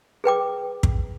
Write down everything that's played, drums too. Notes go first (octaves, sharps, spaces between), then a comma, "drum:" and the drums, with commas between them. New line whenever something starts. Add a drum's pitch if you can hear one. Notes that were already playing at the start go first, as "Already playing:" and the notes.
G#4 B4 G5 D6
drum: kick